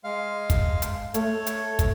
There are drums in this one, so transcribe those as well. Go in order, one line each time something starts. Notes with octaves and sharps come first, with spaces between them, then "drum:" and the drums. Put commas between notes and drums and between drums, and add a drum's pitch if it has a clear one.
G#3 F5
drum: kick, hi-hat
drum: hi-hat
A3 A4 C#5, drum: hi-hat
drum: hi-hat
drum: kick, hi-hat